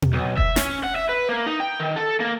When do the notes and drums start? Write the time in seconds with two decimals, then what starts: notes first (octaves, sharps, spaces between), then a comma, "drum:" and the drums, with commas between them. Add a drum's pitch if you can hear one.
0.02 drum: tom
0.13 B1
0.38 E5, drum: kick F1
0.56 C#4, drum: snare
0.83 F#5
0.95 E5
1.09 B4
1.29 A#3
1.46 D#4
1.60 G5
1.80 D#3
1.96 A4
2.20 A#3